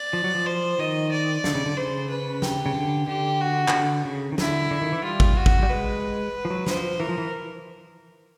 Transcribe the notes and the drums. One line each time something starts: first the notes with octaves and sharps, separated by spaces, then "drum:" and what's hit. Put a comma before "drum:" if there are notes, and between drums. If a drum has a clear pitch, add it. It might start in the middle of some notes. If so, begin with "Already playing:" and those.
Already playing: D5
F3
F#3
F3
C5
D#3 D#5
D5
D3, drum: snare
C#3
D3
C#3 C5
B4
G4, drum: snare
C#3
D3
D3 G4
F#4
D#3, drum: clap
D3
C#3
D#3
D3 E4, drum: snare
D3
D#3
E3
G3 F4
drum: kick
F#4
drum: kick
G3
G#3 B4
F3
F#3
F3 C5, drum: snare
E3 A#4
F3
E3